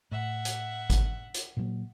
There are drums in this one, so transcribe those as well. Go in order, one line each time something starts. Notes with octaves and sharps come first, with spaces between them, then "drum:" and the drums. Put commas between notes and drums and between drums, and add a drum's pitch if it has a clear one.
A2 E5 F#5
drum: hi-hat
drum: kick G#1, hi-hat
drum: hi-hat
A#2 F#3 A#3